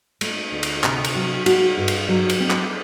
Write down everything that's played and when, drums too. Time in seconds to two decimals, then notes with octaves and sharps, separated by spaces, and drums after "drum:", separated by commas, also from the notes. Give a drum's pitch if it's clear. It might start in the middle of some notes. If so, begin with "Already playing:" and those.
0.21 A3, drum: cymbal
0.52 D2
0.63 drum: cymbal
0.84 C3, drum: clap
1.04 drum: cymbal
1.15 F#3
1.46 F#4, drum: cymbal
1.77 G2
1.88 drum: cymbal
2.09 F#3
2.30 drum: cymbal
2.40 C4
2.50 drum: clap